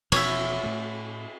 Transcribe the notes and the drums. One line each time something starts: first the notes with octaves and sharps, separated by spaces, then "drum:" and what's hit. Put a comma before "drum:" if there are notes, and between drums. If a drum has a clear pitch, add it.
E1 B2 F3 C#5 E5, drum: cymbal
A2 A3